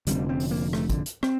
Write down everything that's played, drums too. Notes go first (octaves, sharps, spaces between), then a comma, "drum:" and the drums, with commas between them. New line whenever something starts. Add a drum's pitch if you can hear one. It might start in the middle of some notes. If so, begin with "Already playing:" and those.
F1 F2 D3 G3, drum: hi-hat
C4
drum: open hi-hat
A#3
A3, drum: rim click
D3, drum: kick, hi-hat
drum: hi-hat
C4, drum: rim click